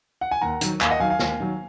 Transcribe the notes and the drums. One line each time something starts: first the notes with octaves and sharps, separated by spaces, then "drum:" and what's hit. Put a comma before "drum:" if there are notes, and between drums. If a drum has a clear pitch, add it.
F#5
G#5
D#2 F#5 A#5
D#3 F#3, drum: hi-hat
D#2 F5 G#5, drum: clap
D#5 F#5
D#3 F#3 F5 G#5
F5 G#5
D#2, drum: snare
D#3 F#3